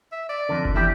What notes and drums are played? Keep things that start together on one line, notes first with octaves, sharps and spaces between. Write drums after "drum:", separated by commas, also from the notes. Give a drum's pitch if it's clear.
E5
D5
F2 D3
drum: kick F#1
E2 E4 G4